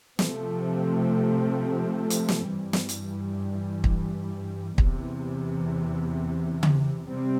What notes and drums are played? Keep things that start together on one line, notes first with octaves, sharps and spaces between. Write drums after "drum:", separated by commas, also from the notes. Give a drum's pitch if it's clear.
C3 F3 A3 C4, drum: snare
drum: hi-hat
drum: snare
G2 E3 G3
drum: snare
drum: hi-hat
drum: kick
E2 C3 E3, drum: kick
drum: tom C#3
C3 G3 C4